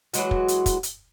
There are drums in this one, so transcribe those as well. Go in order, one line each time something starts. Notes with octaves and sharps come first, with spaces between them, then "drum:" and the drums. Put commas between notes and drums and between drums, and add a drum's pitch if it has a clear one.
E3 F#3 G#3 F#4, drum: hi-hat
drum: kick
drum: hi-hat
drum: kick, hi-hat
drum: hi-hat